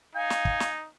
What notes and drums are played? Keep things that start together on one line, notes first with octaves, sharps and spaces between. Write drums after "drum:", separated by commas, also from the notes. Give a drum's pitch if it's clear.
D#4 F5 G#5
drum: snare
drum: kick
drum: snare